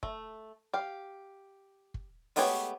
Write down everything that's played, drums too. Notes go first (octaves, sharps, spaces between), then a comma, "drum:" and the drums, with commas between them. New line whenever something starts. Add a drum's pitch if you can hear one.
A3, drum: kick
G4 F5
drum: kick
G#3 A3 B3 G4 C#5, drum: open hi-hat